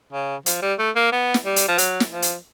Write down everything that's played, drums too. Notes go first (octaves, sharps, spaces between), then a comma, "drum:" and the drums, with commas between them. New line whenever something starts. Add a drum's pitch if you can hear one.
C#3
F3, drum: hi-hat
G3
A3
A#3
B3
drum: snare
G3
drum: hi-hat
F3
F#3, drum: hi-hat
drum: snare
F3
drum: hi-hat